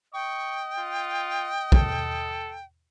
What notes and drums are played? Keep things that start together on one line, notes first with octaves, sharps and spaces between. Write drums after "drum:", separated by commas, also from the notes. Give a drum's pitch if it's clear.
D#5 G5 C#6
F4
A4, drum: kick